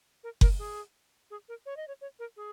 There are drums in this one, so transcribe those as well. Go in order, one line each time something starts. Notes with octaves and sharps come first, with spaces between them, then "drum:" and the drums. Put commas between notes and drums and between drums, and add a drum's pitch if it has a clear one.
A#4
A#4, drum: kick F#1
G#4
G#4
A#4
C#5
D#5
C#5
C#5
A#4
G#4